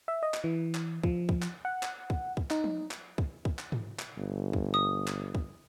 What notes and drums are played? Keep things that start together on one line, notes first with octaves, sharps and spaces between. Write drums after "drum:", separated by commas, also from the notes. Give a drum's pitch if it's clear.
E5
D#5
drum: clap
E3
drum: clap
F3, drum: kick
drum: kick
drum: clap
F#5
drum: clap
drum: kick
drum: kick
D#4, drum: clap
drum: tom F3
drum: clap
drum: kick
drum: kick
drum: clap
drum: tom G#2
drum: clap
G1
drum: kick
D#6
drum: clap
drum: kick